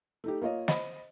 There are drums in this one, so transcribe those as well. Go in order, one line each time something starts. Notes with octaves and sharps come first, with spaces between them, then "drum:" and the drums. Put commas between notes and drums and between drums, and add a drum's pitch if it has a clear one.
A3 D#4 G4
A#3 F4 C#5 D#5
C5 D#5 B5, drum: snare